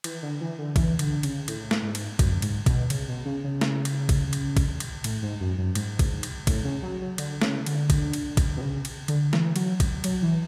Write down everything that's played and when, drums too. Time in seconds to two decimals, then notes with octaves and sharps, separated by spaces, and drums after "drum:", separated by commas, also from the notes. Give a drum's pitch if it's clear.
0.04 E3, drum: cymbal
0.23 D3
0.41 E3
0.58 D3
0.76 E3, drum: kick, cymbal
0.99 D3, drum: cymbal
1.23 C#3, drum: cymbal
1.48 A2, drum: cymbal
1.71 drum: snare
1.82 G#2
1.95 drum: cymbal
2.19 F#2, drum: kick, cymbal
2.42 G#2, drum: cymbal
2.66 B2, drum: kick, cymbal
2.90 C#3, drum: cymbal
3.08 B2
3.25 C#3
3.44 C#3
3.61 drum: snare
3.85 drum: cymbal
4.09 drum: kick, cymbal
4.33 drum: cymbal
4.57 drum: kick, cymbal
4.80 drum: cymbal
5.04 A2, drum: cymbal
5.22 G#2
5.40 F#2
5.58 F#2
5.75 G#2, drum: cymbal
5.99 drum: kick, cymbal
6.23 drum: cymbal
6.47 A2, drum: kick, cymbal
6.64 C#3
6.83 F#3
7.01 F#3
7.18 D3, drum: cymbal
7.42 C#3, drum: snare
7.66 D3, drum: cymbal
7.90 drum: kick, cymbal
8.13 drum: cymbal
8.37 drum: kick, cymbal
8.57 B2
8.61 C#3
8.85 drum: cymbal
9.08 D3, drum: cymbal
9.33 E3, drum: snare
9.56 F#3, drum: cymbal
9.80 drum: kick, cymbal
10.04 F#3, drum: cymbal
10.22 E3